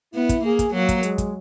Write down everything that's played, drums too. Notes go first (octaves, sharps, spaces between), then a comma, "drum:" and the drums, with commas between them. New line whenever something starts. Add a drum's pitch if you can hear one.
B3 E4
drum: kick, hi-hat
A#3 G#4
drum: kick, hi-hat
F#3 A#3
drum: kick, hi-hat
G#3, drum: hi-hat
drum: kick, hi-hat